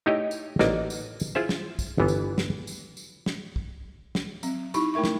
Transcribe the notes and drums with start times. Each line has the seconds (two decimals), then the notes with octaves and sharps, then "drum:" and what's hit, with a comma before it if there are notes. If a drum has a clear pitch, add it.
0.06 A3 D#4 E4 G4 C#5 D#5
0.31 drum: tambourine
0.59 A1 A#3 D#4 F#4 D5 D#5, drum: snare
0.90 drum: tambourine
1.20 drum: tambourine
1.35 E4 F4 G#4 C5 E5
1.49 drum: snare
1.79 drum: kick, tambourine
1.98 G1 E3 B3
2.08 drum: tambourine
2.38 drum: snare
2.67 drum: tambourine
2.97 drum: tambourine
3.26 drum: snare
3.56 drum: kick
4.15 drum: snare
4.43 F#3 C4, drum: tambourine
4.74 D#4 E4 G4 B5 C#6, drum: tambourine
4.94 A3 E4 A#4 E5 C#6
5.04 drum: snare